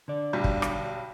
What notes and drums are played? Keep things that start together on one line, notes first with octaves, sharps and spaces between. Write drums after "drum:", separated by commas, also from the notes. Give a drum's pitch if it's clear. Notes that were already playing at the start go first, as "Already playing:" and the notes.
D3 D5
B1 G3
drum: kick
drum: rim click